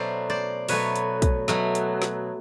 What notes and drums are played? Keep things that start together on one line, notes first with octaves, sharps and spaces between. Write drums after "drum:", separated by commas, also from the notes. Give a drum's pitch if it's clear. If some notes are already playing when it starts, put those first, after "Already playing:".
Already playing: B2 F#3 A3 C5 D5
C5 D5
B2 F#3 A3 B4 C#5, drum: open hi-hat
drum: hi-hat
drum: kick, hi-hat
B2 F#3 A3, drum: snare
drum: hi-hat
drum: snare